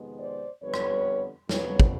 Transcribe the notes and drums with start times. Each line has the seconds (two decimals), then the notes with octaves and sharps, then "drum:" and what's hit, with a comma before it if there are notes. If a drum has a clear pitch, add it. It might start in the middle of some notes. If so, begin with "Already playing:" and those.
Already playing: F2 C3 D#3 G#3 B3
0.18 C5 D5
0.62 F2 D3 G3 B3 B4 C#5
0.74 drum: rim click
1.49 F2 C#3 F#3 B3 B4 C#5, drum: snare
1.80 drum: kick